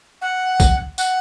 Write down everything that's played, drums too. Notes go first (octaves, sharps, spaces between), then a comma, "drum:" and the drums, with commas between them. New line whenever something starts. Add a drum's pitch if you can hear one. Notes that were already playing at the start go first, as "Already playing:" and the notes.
F#5
drum: kick, tambourine
F#5, drum: tambourine